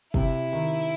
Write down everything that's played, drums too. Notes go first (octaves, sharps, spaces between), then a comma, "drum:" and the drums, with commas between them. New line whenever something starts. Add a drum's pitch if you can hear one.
C3 E4, drum: kick
D#3